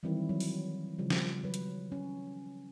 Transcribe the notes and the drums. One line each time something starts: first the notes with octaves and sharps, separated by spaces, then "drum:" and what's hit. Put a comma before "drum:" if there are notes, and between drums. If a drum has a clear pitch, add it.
D#3 E3 F#3 G3 C4 E4
F#3
drum: open hi-hat
C#3 F3 G3
drum: snare
F#3 B4
drum: hi-hat
C#4